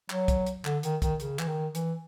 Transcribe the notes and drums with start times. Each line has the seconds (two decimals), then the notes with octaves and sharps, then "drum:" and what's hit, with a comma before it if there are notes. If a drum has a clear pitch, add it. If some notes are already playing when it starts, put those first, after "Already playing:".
0.10 F#3, drum: clap
0.28 drum: kick, hi-hat
0.46 drum: hi-hat
0.65 D3, drum: clap
0.83 D#3, drum: hi-hat
1.02 D#3, drum: kick, hi-hat
1.20 C#3, drum: hi-hat
1.39 E3, drum: clap
1.48 D#3
1.75 E3, drum: hi-hat